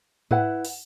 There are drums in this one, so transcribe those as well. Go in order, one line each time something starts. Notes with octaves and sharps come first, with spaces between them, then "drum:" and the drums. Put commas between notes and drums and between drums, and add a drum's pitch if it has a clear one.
E4 B4 F#5, drum: tom G#2
drum: open hi-hat